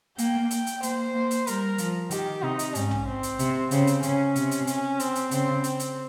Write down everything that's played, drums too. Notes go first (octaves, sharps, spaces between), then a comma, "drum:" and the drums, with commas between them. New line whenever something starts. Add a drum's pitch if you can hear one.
A#3 G5, drum: hi-hat
drum: hi-hat
drum: hi-hat
A#3 C5, drum: hi-hat
A#3
drum: hi-hat
G3 A#4, drum: hi-hat
F3, drum: hi-hat
D#3 G4, drum: hi-hat
C3 D#4
drum: hi-hat
G#2 C#4, drum: hi-hat
drum: tom A#1
C4
drum: hi-hat
C3, drum: hi-hat
C#3 C4, drum: hi-hat
drum: hi-hat
C#3 C#4, drum: hi-hat
C3, drum: hi-hat
drum: hi-hat
C#4, drum: hi-hat
C4, drum: hi-hat
drum: hi-hat
C#3 C4, drum: hi-hat
C4, drum: hi-hat
drum: hi-hat